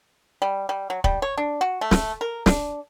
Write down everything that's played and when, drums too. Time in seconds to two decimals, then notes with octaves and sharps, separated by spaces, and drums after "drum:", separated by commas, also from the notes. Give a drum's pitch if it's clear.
0.42 G3
0.69 G3
0.90 F#3
1.04 G3, drum: kick
1.22 C#5
1.37 D4
1.61 F#4
1.81 A3
1.91 drum: snare
2.21 A#4
2.46 D4, drum: snare